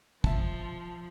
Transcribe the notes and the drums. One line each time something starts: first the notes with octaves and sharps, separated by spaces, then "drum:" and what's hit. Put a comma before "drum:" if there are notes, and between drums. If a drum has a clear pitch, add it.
F3 E5 A5, drum: kick